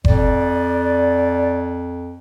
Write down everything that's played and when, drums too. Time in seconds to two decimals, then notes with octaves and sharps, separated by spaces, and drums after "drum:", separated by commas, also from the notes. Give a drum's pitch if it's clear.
0.05 F2 D5, drum: kick F#1